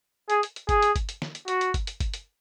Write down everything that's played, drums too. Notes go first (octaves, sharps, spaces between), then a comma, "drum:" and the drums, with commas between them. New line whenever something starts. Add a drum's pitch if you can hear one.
G#4, drum: hi-hat
drum: hi-hat
drum: hi-hat
G#4, drum: kick G1, hi-hat
drum: hi-hat
drum: kick G1, hi-hat
drum: hi-hat
drum: snare
drum: hi-hat
F#4, drum: hi-hat
drum: hi-hat
drum: kick G1, hi-hat
drum: hi-hat
drum: kick G1, hi-hat
drum: hi-hat